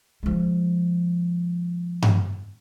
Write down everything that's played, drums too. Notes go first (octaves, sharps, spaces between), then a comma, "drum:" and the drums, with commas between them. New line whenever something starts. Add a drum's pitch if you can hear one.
F3 G#3
drum: tom G2